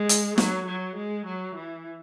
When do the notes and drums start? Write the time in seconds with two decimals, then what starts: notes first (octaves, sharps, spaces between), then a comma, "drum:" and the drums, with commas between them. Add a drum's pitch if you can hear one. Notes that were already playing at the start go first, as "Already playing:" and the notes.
Already playing: G#3
0.09 drum: hi-hat
0.38 F#3, drum: snare
0.67 F#3
0.96 G#3
1.26 F#3
1.56 E3